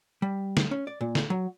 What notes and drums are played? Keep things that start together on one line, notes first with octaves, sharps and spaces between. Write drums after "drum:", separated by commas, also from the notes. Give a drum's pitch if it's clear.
G3
drum: snare
C#4
D5
A#2
drum: snare
F#3